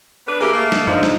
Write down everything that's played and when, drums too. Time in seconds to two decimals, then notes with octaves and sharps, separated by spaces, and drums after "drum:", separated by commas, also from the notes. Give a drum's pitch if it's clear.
0.27 B3 D4 B4
0.41 A#3 E4 G4 G#4 A#4
0.54 A3 A#3
0.72 D#4 D#6, drum: snare
0.87 D3 F3 D4 D#4 F4, drum: tom F2
1.03 drum: snare